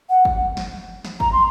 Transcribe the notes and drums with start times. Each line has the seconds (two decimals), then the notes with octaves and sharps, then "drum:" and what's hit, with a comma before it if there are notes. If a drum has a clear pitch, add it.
0.09 F#5
0.25 drum: kick
0.57 drum: snare
1.05 drum: snare
1.20 A#5, drum: kick
1.32 C6